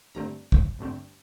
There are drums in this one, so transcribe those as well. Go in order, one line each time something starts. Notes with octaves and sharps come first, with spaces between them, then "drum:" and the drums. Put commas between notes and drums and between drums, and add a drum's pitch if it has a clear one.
G1 G2 D3 A3 C4 A#5
drum: kick
G1 G2 D3 A3 C4